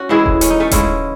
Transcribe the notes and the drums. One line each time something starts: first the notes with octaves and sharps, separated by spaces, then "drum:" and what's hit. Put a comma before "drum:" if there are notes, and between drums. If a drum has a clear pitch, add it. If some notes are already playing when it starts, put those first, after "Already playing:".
Already playing: C#4 F#4
A2 E3 G#3 E4 G#4
drum: kick D#1
C#4, drum: hi-hat
D#4
A3 C#4
C#3 G#3 C#4 E4, drum: kick D#1, hi-hat